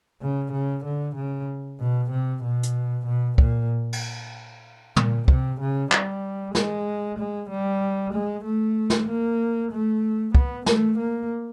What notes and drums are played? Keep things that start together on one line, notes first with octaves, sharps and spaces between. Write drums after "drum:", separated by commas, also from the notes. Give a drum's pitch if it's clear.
C#3
C#3
D3
C#3
B2
C3
B2
drum: hi-hat
B2
A#2, drum: kick
drum: cymbal
A#2, drum: tom
C3, drum: kick
C#3
G3, drum: clap
G#3, drum: snare
G#3
G3
G#3
A3
drum: snare
A#3
A3
B3, drum: kick
A3, drum: snare
A#3